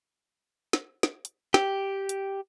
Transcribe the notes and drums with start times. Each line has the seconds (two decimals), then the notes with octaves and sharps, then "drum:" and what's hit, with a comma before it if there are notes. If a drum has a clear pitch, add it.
0.73 drum: snare
1.03 drum: snare
1.25 drum: hi-hat
1.54 G4, drum: snare
2.09 drum: hi-hat